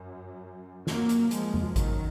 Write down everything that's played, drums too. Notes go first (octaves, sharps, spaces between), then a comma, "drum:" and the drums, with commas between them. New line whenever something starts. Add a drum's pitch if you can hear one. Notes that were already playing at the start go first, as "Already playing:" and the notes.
Already playing: F#2
F#2 F#3 A#3, drum: snare
drum: hi-hat
F3 G#3, drum: hi-hat
drum: tom E2
D#3 F#3, drum: kick G#1, hi-hat